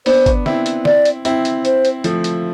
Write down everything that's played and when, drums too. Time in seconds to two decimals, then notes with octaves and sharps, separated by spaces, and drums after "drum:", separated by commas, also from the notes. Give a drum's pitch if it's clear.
0.06 B3 D4 C5, drum: open hi-hat
0.26 drum: kick, hi-hat
0.46 C4 E4, drum: snare
0.66 drum: hi-hat
0.85 D5, drum: snare
1.05 drum: hi-hat
1.25 C4 E4, drum: hi-hat
1.45 drum: hi-hat
1.65 C5, drum: hi-hat
1.85 drum: hi-hat
2.04 F3 A3, drum: hi-hat
2.24 drum: hi-hat